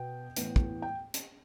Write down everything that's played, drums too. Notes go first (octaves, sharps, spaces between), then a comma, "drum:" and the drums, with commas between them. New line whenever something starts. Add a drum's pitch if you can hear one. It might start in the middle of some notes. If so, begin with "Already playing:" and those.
Already playing: B2 B3 G5
A2 E3 B3, drum: hi-hat
drum: kick
G5
drum: hi-hat